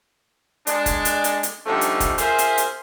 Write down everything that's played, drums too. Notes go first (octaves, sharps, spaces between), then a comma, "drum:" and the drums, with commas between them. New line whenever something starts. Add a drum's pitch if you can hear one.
G#3 D4, drum: hi-hat
drum: kick, hi-hat
drum: hi-hat
drum: hi-hat
drum: hi-hat
D3 F3 G3 A3 C#4 D#4
drum: hi-hat
drum: kick, hi-hat
F4 G#4 A#4 C5 E5, drum: hi-hat
drum: hi-hat
drum: hi-hat